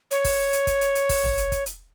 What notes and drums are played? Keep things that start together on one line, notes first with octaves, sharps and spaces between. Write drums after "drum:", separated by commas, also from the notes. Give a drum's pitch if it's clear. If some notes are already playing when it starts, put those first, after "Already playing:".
C#5, drum: hi-hat
drum: kick, open hi-hat
drum: hi-hat
drum: kick, hi-hat
drum: hi-hat
drum: hi-hat
drum: kick, open hi-hat
drum: tom
drum: hi-hat
drum: kick, hi-hat
drum: hi-hat